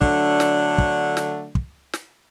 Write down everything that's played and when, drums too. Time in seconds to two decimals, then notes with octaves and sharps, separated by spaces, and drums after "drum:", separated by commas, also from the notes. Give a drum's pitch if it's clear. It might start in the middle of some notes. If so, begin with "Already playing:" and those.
0.02 D3 F#3 A3 D4, drum: kick
0.40 drum: snare
0.78 drum: kick
1.17 drum: snare
1.55 drum: kick
1.93 drum: snare